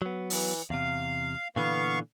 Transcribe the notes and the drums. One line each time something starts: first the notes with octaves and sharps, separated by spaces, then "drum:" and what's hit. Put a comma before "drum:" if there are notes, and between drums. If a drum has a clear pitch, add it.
F#3 B3
E3, drum: open hi-hat
E2 C3 F5
A#2 D3 E3 B3 F5 C#6